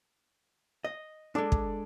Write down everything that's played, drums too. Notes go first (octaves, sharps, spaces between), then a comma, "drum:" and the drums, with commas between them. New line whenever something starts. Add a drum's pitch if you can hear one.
D#5
G#3 D4 A4 D5
drum: kick